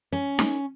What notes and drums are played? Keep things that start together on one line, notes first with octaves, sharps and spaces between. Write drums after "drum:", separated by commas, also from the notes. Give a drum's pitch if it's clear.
C#4
drum: snare D#4